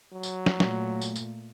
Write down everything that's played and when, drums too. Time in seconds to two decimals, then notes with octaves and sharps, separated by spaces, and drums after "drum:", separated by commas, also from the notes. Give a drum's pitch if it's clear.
0.14 F#3
0.23 drum: tambourine
0.46 drum: snare
0.60 A#2 A3, drum: snare
1.01 drum: tambourine
1.16 drum: tambourine